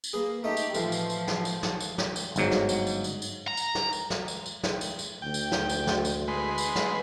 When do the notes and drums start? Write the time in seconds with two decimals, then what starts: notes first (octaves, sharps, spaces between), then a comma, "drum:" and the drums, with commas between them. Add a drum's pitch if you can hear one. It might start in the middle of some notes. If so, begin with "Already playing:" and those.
0.04 drum: tambourine
0.13 A#3 G#4 B4
0.44 A3 D#4 G4
0.57 drum: tambourine
0.74 A2 E3 F3, drum: tambourine
0.92 drum: tambourine
1.10 drum: tambourine
1.27 drum: snare
1.45 drum: tambourine
1.63 drum: snare
1.80 drum: tambourine
1.98 drum: snare
2.16 drum: tambourine
2.36 G1 G#2 F#3, drum: tambourine
2.51 drum: snare
2.69 drum: tambourine
2.87 drum: tambourine
3.04 drum: tambourine
3.22 drum: tambourine
3.48 A#5
3.57 drum: tambourine
3.75 drum: snare
3.93 drum: tambourine
4.10 drum: snare
4.28 drum: tambourine
4.46 drum: tambourine
4.63 drum: snare
4.81 drum: tambourine
4.99 drum: tambourine
5.22 D2 G5
5.34 drum: tambourine
5.52 drum: snare
5.69 drum: tambourine
5.87 drum: snare
6.05 drum: tambourine
6.28 G#3 B4 C6
6.58 drum: tambourine
6.75 drum: snare